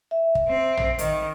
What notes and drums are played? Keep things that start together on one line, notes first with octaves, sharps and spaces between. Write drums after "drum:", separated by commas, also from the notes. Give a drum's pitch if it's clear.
E5
drum: kick
C4
drum: tom
D#3, drum: hi-hat